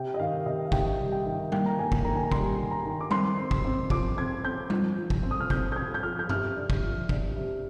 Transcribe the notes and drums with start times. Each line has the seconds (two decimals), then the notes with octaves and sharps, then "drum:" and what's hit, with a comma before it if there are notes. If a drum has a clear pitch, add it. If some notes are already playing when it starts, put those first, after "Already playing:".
Already playing: C3 G5
0.14 D#5
0.19 D#3 F5
0.46 C3 D#5
0.65 F5
0.72 C3 G5, drum: kick
0.99 G3
1.12 G5
1.26 D#3
1.52 A#3 G5, drum: tom G3
1.66 A#5
1.79 A#3 G#5
1.92 drum: kick
2.05 D#3 A#5
2.15 G#5
2.23 A#5
2.32 G3 C6, drum: kick
2.58 D#3
2.71 A#5
2.85 D#3
3.01 D6
3.11 C4 C6, drum: tom G3
3.37 C4
3.51 drum: kick
3.65 C4
3.90 F3 D6, drum: kick
4.17 C4 G#6
4.44 C4 G6
4.70 F3, drum: tom G3
4.97 F3
5.10 drum: kick
5.23 C4
5.31 D#6
5.41 F6
5.50 C4 G6, drum: kick
5.72 G6
5.76 C4 G#6
5.94 G6
6.03 F3 F6
6.19 G6
6.29 C3 F6, drum: tom F#2
6.56 D4
6.70 drum: kick
6.84 F3
7.09 D4, drum: kick
7.36 C3